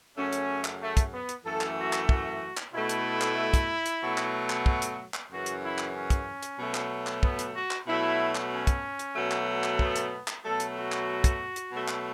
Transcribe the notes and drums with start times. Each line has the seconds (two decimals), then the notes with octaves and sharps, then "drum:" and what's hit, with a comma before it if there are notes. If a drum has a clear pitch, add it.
0.17 F#2 C#3 A3 C#4
0.33 drum: hi-hat
0.65 drum: clap
0.81 A3
0.97 drum: kick, hi-hat
1.13 B3
1.29 drum: hi-hat
1.45 F#2 E3 A3 A4
1.61 drum: clap
1.77 F#4
1.93 drum: clap
2.09 F#4, drum: kick
2.57 drum: clap
2.73 B2 A3 E4
2.89 drum: hi-hat
3.21 drum: clap
3.54 drum: kick, hi-hat
3.86 drum: hi-hat
4.02 B2 F#3 A3
4.18 drum: clap
4.50 drum: clap
4.66 drum: kick
4.82 drum: hi-hat
5.14 drum: clap
5.30 F#2 C#3 E3 F#4
5.46 drum: hi-hat
5.62 E4
5.78 drum: clap
5.94 C#4
6.10 drum: kick, hi-hat
6.43 drum: hi-hat
6.59 B2 F#3 A3
6.75 drum: clap
7.07 drum: clap
7.23 B3, drum: kick
7.39 drum: hi-hat
7.55 F#4
7.71 drum: clap
7.87 B2 F#3 A3 E4
8.35 drum: clap
8.51 C#4
8.67 drum: kick, hi-hat
8.99 drum: hi-hat
9.15 B2 F#3 A3
9.31 drum: clap
9.64 drum: clap
9.79 B3, drum: kick
9.96 drum: hi-hat
10.28 drum: clap
10.44 B2 F#3 A3 A4
10.60 drum: hi-hat
10.76 F#4
10.92 drum: clap
11.24 drum: kick, hi-hat
11.56 drum: hi-hat
11.72 B2 F#3 A3
11.88 drum: clap